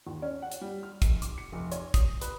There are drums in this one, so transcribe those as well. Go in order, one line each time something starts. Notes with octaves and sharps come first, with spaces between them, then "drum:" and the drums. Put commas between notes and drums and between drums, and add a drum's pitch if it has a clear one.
D#2
C#4
F#5
drum: hi-hat
G3
F6
F1, drum: kick, hi-hat
D6, drum: hi-hat
C#7
F1
C#5, drum: hi-hat
D#6, drum: kick, hi-hat
B4, drum: hi-hat